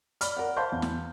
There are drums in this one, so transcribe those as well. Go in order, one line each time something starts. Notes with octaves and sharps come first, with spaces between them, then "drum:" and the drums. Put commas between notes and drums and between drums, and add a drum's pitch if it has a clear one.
D5 B5 F6, drum: hi-hat
A#4 D5 F#5
C5 F5 A5 B5 C6 G6
E2
drum: snare